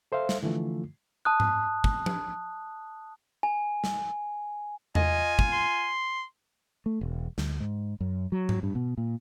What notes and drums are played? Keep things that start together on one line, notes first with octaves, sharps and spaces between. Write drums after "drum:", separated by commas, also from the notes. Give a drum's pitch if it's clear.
A4 C5 E5 F5
drum: snare
D3 E3 F3 A3 F4
A5 D#6 F#6
drum: tom G#2
drum: kick
drum: tom F3
G#5
drum: snare
F4 D#5 G#5, drum: tom E2
drum: kick
C6
A3
E1
D2, drum: snare
G#2
F#2
F#3
drum: tom G#2
G2
B2
A#2